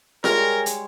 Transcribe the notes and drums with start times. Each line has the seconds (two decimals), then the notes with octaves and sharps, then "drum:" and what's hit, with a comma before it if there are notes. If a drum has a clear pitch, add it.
0.24 G3 G#3 A#4 C#5, drum: snare F4
0.66 drum: hi-hat